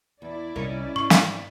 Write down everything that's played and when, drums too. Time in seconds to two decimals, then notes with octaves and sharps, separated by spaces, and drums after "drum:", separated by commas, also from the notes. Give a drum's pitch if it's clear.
0.22 E2 E4 D5
0.56 C2 C#4 D#4 A#4
0.96 G#2 C#6
1.10 drum: snare